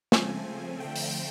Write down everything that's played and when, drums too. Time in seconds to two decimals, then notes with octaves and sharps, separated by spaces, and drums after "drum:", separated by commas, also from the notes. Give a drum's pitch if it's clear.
0.12 C#3 F3 A3 C4 G#5, drum: snare
0.80 D3 F3 A3 C4 G5
0.96 drum: open hi-hat